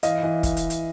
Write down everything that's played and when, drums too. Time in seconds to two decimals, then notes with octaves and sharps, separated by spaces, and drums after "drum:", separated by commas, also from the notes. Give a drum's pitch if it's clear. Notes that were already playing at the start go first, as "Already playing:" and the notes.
0.03 E3 D#5 F5, drum: hi-hat
0.23 E3
0.43 drum: kick, hi-hat
0.57 drum: hi-hat
0.70 drum: hi-hat